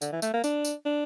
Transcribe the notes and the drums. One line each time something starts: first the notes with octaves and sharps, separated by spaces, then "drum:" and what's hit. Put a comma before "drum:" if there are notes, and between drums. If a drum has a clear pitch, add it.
D3, drum: tambourine
E3
A3, drum: tambourine
A#3
D4, drum: tambourine
drum: tambourine
D4